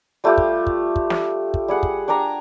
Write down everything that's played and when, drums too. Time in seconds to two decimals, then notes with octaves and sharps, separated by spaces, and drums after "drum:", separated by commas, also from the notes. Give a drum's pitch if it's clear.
0.24 G3 A3 F4 G4
0.38 drum: kick
0.67 drum: kick
0.96 drum: kick
1.10 drum: snare
1.54 drum: kick
1.68 G3 G#4 F#5
1.83 drum: kick
2.08 D4 G5 G#5 A#5